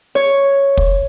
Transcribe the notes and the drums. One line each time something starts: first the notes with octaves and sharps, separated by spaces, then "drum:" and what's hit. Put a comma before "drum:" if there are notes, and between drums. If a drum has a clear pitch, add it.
C#5
drum: kick